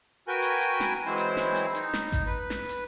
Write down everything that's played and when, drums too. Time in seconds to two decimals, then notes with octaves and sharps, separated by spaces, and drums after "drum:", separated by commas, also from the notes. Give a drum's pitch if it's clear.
0.28 F#4 A#4 B4 G5 G#5
0.42 drum: hi-hat
0.61 drum: hi-hat
0.80 drum: snare
1.06 E3 F#3 G#3 C4 E4 C5
1.18 drum: hi-hat
1.37 drum: snare
1.56 drum: hi-hat
1.75 D#4, drum: hi-hat
1.93 drum: snare
2.12 drum: kick A1, hi-hat
2.26 B4
2.50 drum: snare
2.69 drum: hi-hat